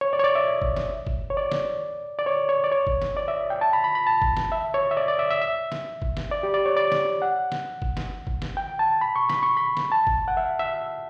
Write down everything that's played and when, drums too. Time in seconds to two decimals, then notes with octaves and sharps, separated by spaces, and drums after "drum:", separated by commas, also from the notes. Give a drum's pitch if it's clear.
0.01 C#5
0.13 D5
0.19 C#5
0.24 D5
0.35 E5
0.62 drum: kick G1
0.77 drum: snare
1.07 drum: kick G1
1.30 C#5
1.37 D5
1.52 drum: snare
2.19 D5
2.26 C#5
2.49 C#5
2.64 D5
2.72 C#5
2.87 drum: kick G1
3.02 drum: snare
3.17 D5
3.28 E5
3.50 G5
3.61 A5
3.73 B5
3.84 B5
3.95 B5
4.07 A5
4.22 drum: kick G1
4.37 drum: snare
4.52 E5
4.74 C#5
4.91 E5
4.97 D5
5.08 D5
5.19 E5
5.31 E5
5.42 E5
5.72 drum: snare
6.02 drum: kick G1
6.17 drum: snare
6.32 D5
6.43 G4
6.54 D5
6.66 C#5
6.77 D5
6.92 drum: snare
7.22 F#5
7.52 drum: snare
7.82 drum: kick G1
7.97 drum: snare
8.27 drum: kick G1
8.42 drum: snare
8.57 G5
8.79 A5
9.01 B5
9.16 C#6
9.30 B5, drum: snare
9.43 C#6
9.57 B5
9.77 drum: snare
9.92 A5
10.07 drum: kick G1
10.28 F#5
10.37 E5
10.59 E5